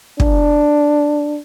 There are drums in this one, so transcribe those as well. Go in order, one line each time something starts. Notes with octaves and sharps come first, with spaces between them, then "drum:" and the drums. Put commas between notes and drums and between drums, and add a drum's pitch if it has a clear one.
D4, drum: kick